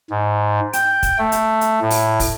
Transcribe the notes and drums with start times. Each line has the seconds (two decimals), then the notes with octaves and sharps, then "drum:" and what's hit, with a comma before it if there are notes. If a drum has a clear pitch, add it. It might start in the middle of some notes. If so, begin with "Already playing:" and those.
0.10 G#2
0.73 G5, drum: hi-hat
1.03 drum: kick, hi-hat
1.19 A3
1.32 drum: hi-hat
1.61 drum: hi-hat
1.81 A2
1.90 drum: open hi-hat
2.20 drum: kick, open hi-hat